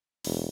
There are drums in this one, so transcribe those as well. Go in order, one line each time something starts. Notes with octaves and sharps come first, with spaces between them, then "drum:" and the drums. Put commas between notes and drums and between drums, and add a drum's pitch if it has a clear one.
E1, drum: open hi-hat